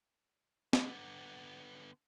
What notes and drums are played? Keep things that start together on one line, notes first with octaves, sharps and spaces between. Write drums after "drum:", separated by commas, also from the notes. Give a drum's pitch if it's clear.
D3 B3, drum: snare